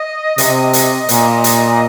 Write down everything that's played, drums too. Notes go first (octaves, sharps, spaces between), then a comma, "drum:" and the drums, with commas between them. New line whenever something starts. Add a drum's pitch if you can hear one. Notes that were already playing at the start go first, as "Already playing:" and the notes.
Already playing: D#5
C3, drum: hi-hat
drum: hi-hat
A#2, drum: hi-hat
drum: hi-hat